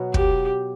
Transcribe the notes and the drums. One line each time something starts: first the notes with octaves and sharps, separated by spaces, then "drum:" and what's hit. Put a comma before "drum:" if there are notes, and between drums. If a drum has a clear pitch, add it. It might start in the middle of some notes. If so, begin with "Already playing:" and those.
Already playing: B2 F#3 B3
G4, drum: kick